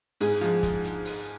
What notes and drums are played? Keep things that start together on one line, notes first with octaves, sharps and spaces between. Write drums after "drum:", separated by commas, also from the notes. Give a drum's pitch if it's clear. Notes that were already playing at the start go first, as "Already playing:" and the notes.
G#2 G#4, drum: open hi-hat
F3 G#3, drum: hi-hat
drum: kick, hi-hat
drum: hi-hat
drum: open hi-hat